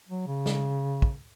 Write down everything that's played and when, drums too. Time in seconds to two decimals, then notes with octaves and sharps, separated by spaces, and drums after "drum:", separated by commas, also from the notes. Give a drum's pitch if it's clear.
0.08 F#3
0.27 C#3
0.46 drum: snare
1.02 drum: kick